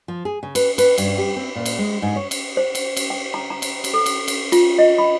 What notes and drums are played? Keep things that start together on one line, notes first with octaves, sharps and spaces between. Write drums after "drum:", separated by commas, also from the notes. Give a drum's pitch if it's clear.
F3
G#4
C#3
B4, drum: cymbal
B4, drum: cymbal
G2, drum: cymbal
G4
C4
A#2
drum: cymbal
G#3
G#2
C#5
drum: cymbal
C5
drum: cymbal
drum: cymbal
G5
A#5
A#5
drum: cymbal
drum: cymbal
A4
drum: cymbal
drum: cymbal
F4, drum: cymbal
D#5
B5